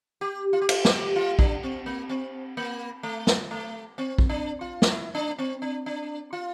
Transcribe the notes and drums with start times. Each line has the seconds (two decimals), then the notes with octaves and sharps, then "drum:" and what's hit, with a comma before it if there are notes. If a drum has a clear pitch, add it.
0.21 G4
0.53 F4
0.61 G4
0.69 F4, drum: cymbal
0.85 G4, drum: snare
1.16 F4
1.39 D4, drum: kick A#1
1.63 C4
1.86 A#3
2.09 C4
2.57 A#3
3.03 A3
3.27 drum: snare
3.51 A3
3.98 C4
4.18 drum: kick A#1
4.29 D4
4.61 F4
4.82 drum: snare
4.92 E4
5.15 D4
5.38 C4
5.62 D4
5.86 D4
6.33 F4